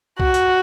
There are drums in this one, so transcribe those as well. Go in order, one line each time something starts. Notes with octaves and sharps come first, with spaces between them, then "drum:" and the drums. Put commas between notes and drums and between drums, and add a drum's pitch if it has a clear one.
F#4, drum: kick C2
drum: hi-hat